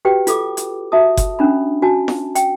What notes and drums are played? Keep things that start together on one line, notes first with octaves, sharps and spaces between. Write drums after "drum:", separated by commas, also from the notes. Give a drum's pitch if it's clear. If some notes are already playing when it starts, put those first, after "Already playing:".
F#4 G4 B4 G5
F4 A4 D6, drum: hi-hat
drum: hi-hat
F#4 E5 A5 D#6
drum: kick F#1, hi-hat
C#4 D4 B5
F#4 G#5 A5
drum: snare F4
G5, drum: hi-hat